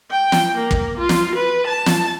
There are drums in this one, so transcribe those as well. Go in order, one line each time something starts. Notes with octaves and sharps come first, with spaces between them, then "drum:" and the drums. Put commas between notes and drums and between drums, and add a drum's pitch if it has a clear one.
G5
drum: snare
A#3
drum: kick
F4
drum: snare
B4
A5
drum: snare